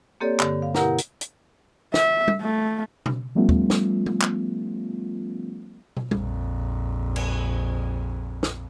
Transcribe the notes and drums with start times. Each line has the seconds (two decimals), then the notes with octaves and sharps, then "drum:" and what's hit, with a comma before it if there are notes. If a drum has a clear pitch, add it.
0.20 A#3 C4 G4 A4 C#5 D5
0.40 G2 D3, drum: clap
0.62 F5
0.75 B2 E4 G4 A#4 F#5 A#5, drum: snare
0.98 drum: hi-hat
1.21 drum: hi-hat
1.94 E5, drum: snare
2.28 drum: tom
2.41 A3
3.06 drum: tom B2
3.35 F3 G3 A3 B3 C#4 F4
3.49 drum: kick
3.70 drum: snare
4.06 drum: tom
4.22 drum: clap
5.97 drum: tom
6.11 A#1 F2, drum: tom
7.16 drum: cymbal
8.43 drum: snare